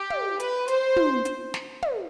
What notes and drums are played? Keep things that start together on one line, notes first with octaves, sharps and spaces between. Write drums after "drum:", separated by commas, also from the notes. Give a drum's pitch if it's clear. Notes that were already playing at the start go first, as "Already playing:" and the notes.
Already playing: G4
drum: tom
B4, drum: hi-hat
C5, drum: hi-hat
drum: tom
drum: hi-hat
drum: snare
drum: tom